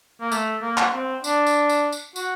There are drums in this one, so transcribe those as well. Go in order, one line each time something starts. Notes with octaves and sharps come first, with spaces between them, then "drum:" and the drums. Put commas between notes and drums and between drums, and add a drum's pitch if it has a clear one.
A#3
A3, drum: tambourine
A#3
drum: clap
C4
D4, drum: tambourine
drum: tambourine
drum: tambourine
drum: tambourine
F#4, drum: tambourine